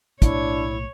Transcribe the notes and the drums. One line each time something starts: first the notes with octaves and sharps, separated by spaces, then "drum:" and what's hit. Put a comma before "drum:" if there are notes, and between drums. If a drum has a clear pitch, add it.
B1 A2 D4 E4 C#5, drum: kick, hi-hat